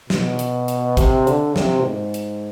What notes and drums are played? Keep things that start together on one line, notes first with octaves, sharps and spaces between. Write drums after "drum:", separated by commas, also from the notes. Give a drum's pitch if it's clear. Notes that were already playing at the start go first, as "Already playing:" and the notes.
B2, drum: snare
drum: hi-hat
drum: hi-hat
C3, drum: kick, hi-hat
D3, drum: hi-hat
C3, drum: snare
G#2
drum: hi-hat